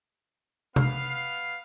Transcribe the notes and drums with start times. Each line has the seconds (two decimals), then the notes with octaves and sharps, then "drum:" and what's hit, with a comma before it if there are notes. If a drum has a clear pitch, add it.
0.76 B3 F5, drum: tom C3